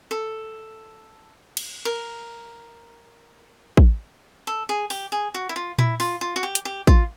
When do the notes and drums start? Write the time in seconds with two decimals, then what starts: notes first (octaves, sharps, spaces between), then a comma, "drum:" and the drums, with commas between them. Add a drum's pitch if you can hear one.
0.11 A4
1.57 drum: cymbal
1.85 A#4
3.77 drum: kick
4.47 A4
4.69 G#4
4.90 G4, drum: open hi-hat
5.12 G#4
5.34 F#4
5.49 E4
5.56 F4
5.78 E4, drum: tom A#2
6.00 F4, drum: open hi-hat
6.21 F4
6.36 F#4
6.43 G4
6.55 drum: hi-hat
6.65 G4
6.87 F4, drum: kick